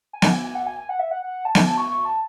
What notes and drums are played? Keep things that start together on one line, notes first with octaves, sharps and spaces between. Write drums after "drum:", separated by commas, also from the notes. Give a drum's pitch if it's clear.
G#5
F#5, drum: snare B3
G#5
G#5
F#5
G#5
G#5
F#5
E5
F#5
F#5
A5
G#5, drum: snare B3
A5
C#6
C#6
A5